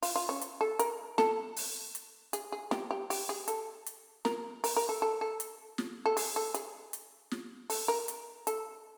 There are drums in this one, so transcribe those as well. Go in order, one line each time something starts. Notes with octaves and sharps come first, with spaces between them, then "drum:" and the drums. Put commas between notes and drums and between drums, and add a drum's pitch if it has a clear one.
F4, drum: open hi-hat
F4
C#4
drum: hi-hat
A4
A#4, drum: hi-hat
A4, drum: snare
drum: open hi-hat
drum: hi-hat
G#4, drum: hi-hat
G#4
G4, drum: snare
G4
G4, drum: open hi-hat
G#4
A4, drum: hi-hat
drum: hi-hat
A#4, drum: snare
A#4, drum: open hi-hat
A#4
A4
A4
A4
drum: hi-hat
drum: snare
A4
G#4, drum: open hi-hat
A4
G#4, drum: hi-hat
drum: hi-hat
drum: snare
A4, drum: open hi-hat
A#4
drum: hi-hat
A4, drum: hi-hat